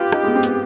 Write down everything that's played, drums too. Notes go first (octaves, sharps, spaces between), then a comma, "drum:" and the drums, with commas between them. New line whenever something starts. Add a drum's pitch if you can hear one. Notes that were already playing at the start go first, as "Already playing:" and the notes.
Already playing: F4 G4 B4
D#4, drum: rim click
G#3
B3
C4
B3, drum: hi-hat